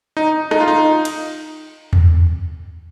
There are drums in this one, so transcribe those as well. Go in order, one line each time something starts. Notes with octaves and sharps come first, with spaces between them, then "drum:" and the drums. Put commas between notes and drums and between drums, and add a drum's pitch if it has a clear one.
D#4
D#4, drum: rim click
F4
D#4
drum: cymbal
drum: tom E2